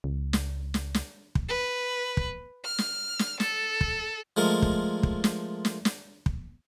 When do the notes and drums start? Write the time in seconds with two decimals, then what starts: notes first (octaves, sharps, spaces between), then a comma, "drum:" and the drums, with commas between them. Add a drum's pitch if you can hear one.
0.04 C#2
0.33 drum: snare
0.74 drum: snare
0.94 drum: snare
1.35 drum: kick
1.49 B4
2.17 drum: kick
2.65 F6
2.78 drum: snare
3.19 drum: snare
3.40 A4, drum: snare
3.81 drum: kick
4.37 F3 G#3 A3 A#4
4.62 drum: kick
5.03 drum: kick
5.24 drum: snare
5.65 drum: snare
5.85 drum: snare
6.26 drum: kick